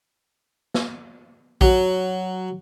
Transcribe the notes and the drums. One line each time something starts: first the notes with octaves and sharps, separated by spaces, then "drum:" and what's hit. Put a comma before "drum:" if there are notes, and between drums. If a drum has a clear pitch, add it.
drum: snare
F#3, drum: kick A#1